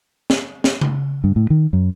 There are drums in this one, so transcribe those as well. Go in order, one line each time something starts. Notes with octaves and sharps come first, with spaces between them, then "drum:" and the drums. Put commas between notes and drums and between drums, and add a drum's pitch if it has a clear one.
drum: snare
drum: snare
drum: tom C#3
G2
A2
D#3
F#2